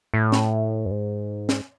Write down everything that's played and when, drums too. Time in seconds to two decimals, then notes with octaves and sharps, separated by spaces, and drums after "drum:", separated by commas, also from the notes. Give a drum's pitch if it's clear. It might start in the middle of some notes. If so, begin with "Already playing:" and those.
0.14 A2
0.32 drum: snare
0.86 F#2
0.91 G#2
1.49 drum: snare